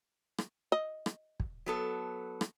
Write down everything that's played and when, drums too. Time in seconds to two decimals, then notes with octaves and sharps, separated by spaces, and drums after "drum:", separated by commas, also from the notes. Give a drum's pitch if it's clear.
0.38 drum: rim click
0.72 D#5
1.06 drum: rim click
1.40 drum: kick
1.66 F#3 B3 A4
2.41 drum: rim click